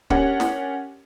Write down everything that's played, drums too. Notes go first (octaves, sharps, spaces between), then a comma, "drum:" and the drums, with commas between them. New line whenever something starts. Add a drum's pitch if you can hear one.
C#4 D4 G4 A#4 F#5, drum: kick
drum: snare